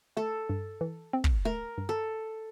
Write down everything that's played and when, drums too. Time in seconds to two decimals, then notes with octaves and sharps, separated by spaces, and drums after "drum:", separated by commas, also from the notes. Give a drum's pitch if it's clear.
0.17 A3 A4
0.49 G2
0.81 E3
1.13 C4
1.24 drum: kick
1.45 A3 A#4
1.78 G2
1.89 A4